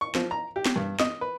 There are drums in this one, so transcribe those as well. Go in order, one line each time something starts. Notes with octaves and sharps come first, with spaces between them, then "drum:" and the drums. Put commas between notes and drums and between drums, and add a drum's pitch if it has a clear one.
C#6
F3, drum: snare
A#5
G4
drum: snare
G2
D#5, drum: snare
B4